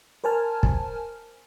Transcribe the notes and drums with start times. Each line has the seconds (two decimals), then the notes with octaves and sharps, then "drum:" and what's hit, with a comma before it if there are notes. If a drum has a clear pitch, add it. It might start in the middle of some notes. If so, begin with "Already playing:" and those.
0.24 A#4 C5 G#5 A5 F6
0.63 drum: kick